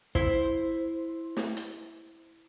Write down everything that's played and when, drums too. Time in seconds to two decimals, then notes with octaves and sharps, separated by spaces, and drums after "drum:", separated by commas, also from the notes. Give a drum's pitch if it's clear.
0.15 E4 C5, drum: kick
1.37 drum: snare
1.57 drum: hi-hat